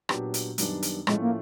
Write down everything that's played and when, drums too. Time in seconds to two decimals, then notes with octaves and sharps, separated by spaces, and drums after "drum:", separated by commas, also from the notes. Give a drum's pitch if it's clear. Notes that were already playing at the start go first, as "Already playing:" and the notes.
0.09 A#2 F#3 B3 D4 G4, drum: rim click
0.34 drum: hi-hat
0.58 F#2 D#3 G3 B3 D4, drum: hi-hat
0.82 drum: hi-hat
1.07 A2 F3 G#3 A3 C#4 F4, drum: rim click
1.22 A#3